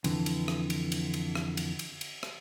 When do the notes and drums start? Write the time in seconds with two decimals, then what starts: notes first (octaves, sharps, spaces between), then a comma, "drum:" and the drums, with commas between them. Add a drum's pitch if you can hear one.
0.04 F2 D3 E3, drum: cymbal
0.26 drum: cymbal
0.48 drum: rim click
0.70 drum: cymbal
0.92 drum: cymbal
1.14 drum: cymbal
1.35 drum: rim click
1.57 drum: cymbal
1.79 drum: cymbal
2.01 drum: cymbal
2.23 drum: rim click